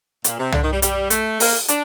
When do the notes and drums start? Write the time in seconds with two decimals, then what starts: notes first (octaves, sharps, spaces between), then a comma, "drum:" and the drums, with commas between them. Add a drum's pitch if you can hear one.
0.24 A#2, drum: hi-hat
0.39 C3
0.52 D3, drum: tom
0.63 D#3
0.72 G3
0.82 G3, drum: hi-hat
1.10 A3, drum: hi-hat
1.40 A#3, drum: open hi-hat
1.68 D4, drum: hi-hat